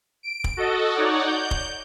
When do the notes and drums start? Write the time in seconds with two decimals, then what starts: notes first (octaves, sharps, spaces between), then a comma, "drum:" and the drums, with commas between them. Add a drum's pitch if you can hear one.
0.23 D7
0.44 drum: kick
0.57 F#4 A4 D#5
0.95 D#4 C#5 D5 F#5
1.26 G6
1.51 drum: kick